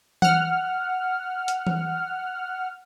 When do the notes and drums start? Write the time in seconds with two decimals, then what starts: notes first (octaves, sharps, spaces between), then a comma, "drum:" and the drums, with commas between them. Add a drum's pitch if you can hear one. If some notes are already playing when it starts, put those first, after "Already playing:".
0.22 F#5 F6, drum: tom E3
1.48 drum: hi-hat
1.67 drum: tom E3